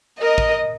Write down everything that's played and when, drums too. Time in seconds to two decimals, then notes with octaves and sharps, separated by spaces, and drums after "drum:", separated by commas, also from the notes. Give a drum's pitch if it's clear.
0.21 A#4 D#5
0.38 drum: kick